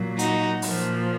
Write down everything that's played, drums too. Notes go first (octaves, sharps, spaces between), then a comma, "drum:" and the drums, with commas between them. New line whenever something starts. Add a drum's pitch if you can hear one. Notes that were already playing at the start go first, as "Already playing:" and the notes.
Already playing: A#2 F#3
D#4 F#4, drum: hi-hat
A#2 F3, drum: open hi-hat